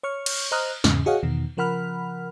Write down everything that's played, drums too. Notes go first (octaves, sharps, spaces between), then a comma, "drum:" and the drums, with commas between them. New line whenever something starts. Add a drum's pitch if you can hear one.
C#5 C#6 F6
drum: cymbal
C5 D#5 A#5 D#6 F6 F#6
E2 G#2 C#3, drum: snare
F#4 G#4 C#5 D#5 F5 F#5
E2 B2 D#3
C#3 F3 A#4 F#5 B5 F6